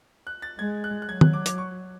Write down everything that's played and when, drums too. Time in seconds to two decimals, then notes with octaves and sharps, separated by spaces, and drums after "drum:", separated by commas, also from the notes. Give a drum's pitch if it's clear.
0.27 F#6
0.42 A6
0.59 G#3 G#6
0.84 F#6
1.02 F#6
1.09 F#3 G#6
1.21 F#6, drum: tom
1.33 D6
1.46 D6, drum: hi-hat
1.58 C#6